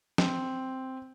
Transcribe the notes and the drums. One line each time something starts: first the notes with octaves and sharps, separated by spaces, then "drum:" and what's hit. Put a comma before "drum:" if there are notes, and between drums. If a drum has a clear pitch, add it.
C4, drum: snare